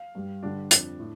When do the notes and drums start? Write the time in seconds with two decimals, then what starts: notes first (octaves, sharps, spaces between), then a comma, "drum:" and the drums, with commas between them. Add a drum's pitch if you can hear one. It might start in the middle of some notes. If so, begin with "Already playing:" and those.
Already playing: F5
0.15 G2 G3
0.43 G2 D3 G3 D4
0.71 F2 F3, drum: hi-hat
0.99 A2